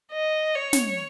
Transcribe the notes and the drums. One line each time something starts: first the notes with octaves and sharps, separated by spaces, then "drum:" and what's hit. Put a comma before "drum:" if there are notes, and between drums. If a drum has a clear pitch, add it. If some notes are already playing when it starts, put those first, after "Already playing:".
D#5
C#5
drum: snare